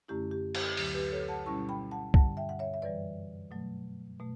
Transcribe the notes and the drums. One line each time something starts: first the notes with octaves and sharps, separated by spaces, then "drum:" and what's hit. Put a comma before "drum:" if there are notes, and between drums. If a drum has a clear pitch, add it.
F#2 D3 A3 C#4 E4 G4
G4
G4, drum: cymbal
D2 D3 F#3 G4, drum: open hi-hat
G4 B4
A4 C#5
F#5 A5
B2 G3 C#4 E4 A5 C#6
G5 B5
F#5 A5
G2 D3 G3 F#5 A5, drum: kick
E5 G5
F#5
C#5 E5
E5
F#2 E3 G3 B4 D5
B2 F#3 A3
B2 A3